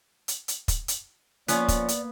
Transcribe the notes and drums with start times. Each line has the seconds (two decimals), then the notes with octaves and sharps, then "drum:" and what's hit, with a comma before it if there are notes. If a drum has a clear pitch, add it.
0.28 drum: hi-hat
0.48 drum: hi-hat
0.68 drum: kick, hi-hat
0.88 drum: hi-hat
1.48 F3 A#3 B3 C#4 D5, drum: hi-hat
1.68 drum: kick, hi-hat
1.88 drum: hi-hat